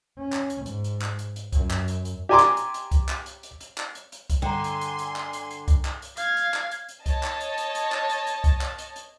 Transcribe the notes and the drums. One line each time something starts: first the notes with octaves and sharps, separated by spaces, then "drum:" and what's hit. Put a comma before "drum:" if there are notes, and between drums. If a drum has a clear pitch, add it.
C#4
drum: clap
drum: hi-hat
G#2, drum: hi-hat
drum: hi-hat
drum: clap
drum: hi-hat
drum: hi-hat
F#2, drum: kick C2, hi-hat
drum: clap
drum: hi-hat
drum: hi-hat
G4 D5 G#5 A#5 C6 D6
drum: clap
drum: hi-hat
drum: hi-hat
drum: kick C2, hi-hat
drum: clap
drum: hi-hat
drum: hi-hat
drum: hi-hat
drum: clap
drum: hi-hat
drum: hi-hat
drum: kick C2, hi-hat
G2 D3 G5 G#5 A#5 C6
drum: hi-hat
drum: hi-hat
drum: hi-hat
drum: clap
drum: hi-hat
drum: hi-hat
drum: kick C2, hi-hat
drum: clap
drum: hi-hat
F5 G#6, drum: hi-hat
drum: hi-hat
drum: clap
drum: hi-hat
drum: hi-hat
C#5 D#5 A5, drum: kick C2, hi-hat
drum: clap
drum: hi-hat
drum: hi-hat
drum: hi-hat
drum: clap
drum: hi-hat
drum: hi-hat
drum: kick C2, hi-hat
drum: clap
drum: hi-hat
drum: hi-hat